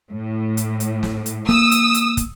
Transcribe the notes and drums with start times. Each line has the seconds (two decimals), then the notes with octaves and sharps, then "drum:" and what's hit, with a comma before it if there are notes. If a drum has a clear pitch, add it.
0.11 A2
0.57 drum: hi-hat
0.80 drum: hi-hat
1.03 drum: snare
1.26 drum: hi-hat
1.49 A#3 D#6 E6, drum: snare
1.71 drum: hi-hat
1.94 drum: hi-hat
2.17 drum: kick, hi-hat